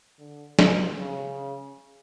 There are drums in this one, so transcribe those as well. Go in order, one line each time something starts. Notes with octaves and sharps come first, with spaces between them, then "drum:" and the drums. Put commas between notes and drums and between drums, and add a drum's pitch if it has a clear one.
D3
B2, drum: snare
C#3